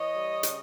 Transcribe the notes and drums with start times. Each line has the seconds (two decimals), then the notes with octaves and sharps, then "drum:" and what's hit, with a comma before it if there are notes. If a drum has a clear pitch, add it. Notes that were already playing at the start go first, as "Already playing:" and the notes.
Already playing: E3 C#5 D#5
0.14 G3
0.43 C#3, drum: hi-hat